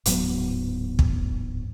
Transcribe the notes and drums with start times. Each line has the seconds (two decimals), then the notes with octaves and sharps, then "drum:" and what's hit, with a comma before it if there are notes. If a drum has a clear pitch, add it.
0.05 D1 G#2 F#3 B3, drum: hi-hat
0.99 drum: kick